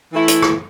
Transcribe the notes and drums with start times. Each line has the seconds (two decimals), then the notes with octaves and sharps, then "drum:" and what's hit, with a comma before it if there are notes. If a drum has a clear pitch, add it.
0.14 E3 A3 E4
0.28 drum: hi-hat
0.42 drum: rim click